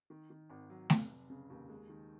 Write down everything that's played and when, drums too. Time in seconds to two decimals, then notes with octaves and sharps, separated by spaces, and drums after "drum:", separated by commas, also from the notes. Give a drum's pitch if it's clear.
0.10 D#3
0.30 D#3
0.50 G#1
0.70 F#3
0.90 F1, drum: snare A3
1.10 F1
1.30 C#3
1.50 D#2
1.69 G#3
1.90 D#3